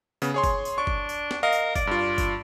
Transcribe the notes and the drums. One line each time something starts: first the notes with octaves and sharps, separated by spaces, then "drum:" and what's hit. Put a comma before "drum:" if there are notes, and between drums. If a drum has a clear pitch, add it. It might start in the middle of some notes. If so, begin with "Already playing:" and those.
C#3 B3, drum: tambourine
G#4 C#5 C6
drum: kick F#1, tambourine
drum: tambourine
D4 C#6
drum: kick F#1
drum: tambourine
drum: snare
A#4 D#5 F5
drum: tambourine
D5, drum: kick F#1, tambourine
G2 F4
drum: kick F#1, tambourine